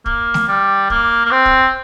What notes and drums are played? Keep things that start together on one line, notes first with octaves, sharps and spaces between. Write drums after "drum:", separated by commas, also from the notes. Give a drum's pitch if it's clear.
A#3, drum: kick
drum: snare
G3
A#3, drum: kick
A#3
C4
drum: kick